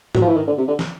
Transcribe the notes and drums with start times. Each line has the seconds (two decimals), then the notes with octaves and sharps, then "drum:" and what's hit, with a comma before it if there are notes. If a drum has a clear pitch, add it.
0.15 F#3, drum: tom G#2
0.22 F3
0.28 E3
0.36 D#3
0.47 D3
0.58 C3
0.68 D3
0.79 drum: snare